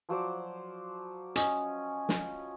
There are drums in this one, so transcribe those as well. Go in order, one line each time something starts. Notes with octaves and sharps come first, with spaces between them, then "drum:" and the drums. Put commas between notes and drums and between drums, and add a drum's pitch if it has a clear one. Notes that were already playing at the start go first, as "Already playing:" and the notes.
F3 F#3 C5 D5
C#4 D#5, drum: hi-hat
drum: snare